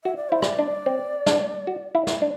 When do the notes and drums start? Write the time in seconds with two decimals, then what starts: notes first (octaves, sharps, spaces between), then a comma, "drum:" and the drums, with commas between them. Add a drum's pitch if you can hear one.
0.04 F#4 E5
0.17 D5
0.30 E4 C5
0.42 D5, drum: rim click
0.59 D4
0.86 C4
1.26 D4, drum: snare
1.67 F#4
1.95 E4
2.07 drum: snare
2.22 D4